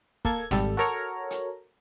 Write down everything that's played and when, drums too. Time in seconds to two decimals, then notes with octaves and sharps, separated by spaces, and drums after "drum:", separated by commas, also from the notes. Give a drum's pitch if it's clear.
0.25 A#3 A4 G#6, drum: kick
0.51 G#1 G3 A4, drum: snare
0.77 F#4 A4 A#4 C#5 A#5
1.30 drum: hi-hat